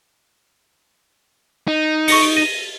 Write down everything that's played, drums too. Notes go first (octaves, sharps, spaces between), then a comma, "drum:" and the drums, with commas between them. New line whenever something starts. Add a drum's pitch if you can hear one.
D#4
C#6 A#6 C#7, drum: open hi-hat
D7
A#6 D#7